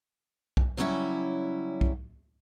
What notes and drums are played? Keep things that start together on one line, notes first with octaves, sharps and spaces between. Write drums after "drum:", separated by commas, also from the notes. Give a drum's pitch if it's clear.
drum: kick B1
C#3 F#3 G3 C#4 E4 E5
drum: kick B1